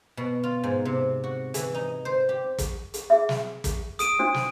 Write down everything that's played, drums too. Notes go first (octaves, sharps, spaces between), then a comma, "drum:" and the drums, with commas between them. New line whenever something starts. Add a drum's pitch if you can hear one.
B2
F4
G#2
C3
F#4
E3, drum: hi-hat
D#4
C5
G4
drum: kick, hi-hat
drum: hi-hat
G#4 E5
drum: snare
drum: kick, hi-hat
D#6 D7 D#7, drum: hi-hat
D4 F#4 C5
drum: snare